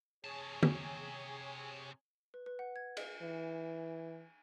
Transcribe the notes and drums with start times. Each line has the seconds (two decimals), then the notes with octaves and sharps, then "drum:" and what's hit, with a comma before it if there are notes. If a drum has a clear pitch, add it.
0.24 C3 G#4 C#5 G#5 A5
0.63 drum: tom
2.34 B4
2.46 B4
2.59 F#5
2.76 G#6
2.97 drum: cymbal
3.22 E3